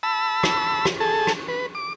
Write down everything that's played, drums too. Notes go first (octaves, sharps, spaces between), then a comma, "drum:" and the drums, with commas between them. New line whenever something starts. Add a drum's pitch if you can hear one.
A5 B5 E6
drum: rim click
drum: rim click
G#4 A4 A5
drum: rim click
B4
D6